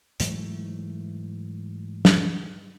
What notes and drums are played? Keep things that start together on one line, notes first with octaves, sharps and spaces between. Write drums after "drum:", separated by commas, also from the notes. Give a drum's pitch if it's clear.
G#2 E3 F#3 A3, drum: hi-hat
drum: snare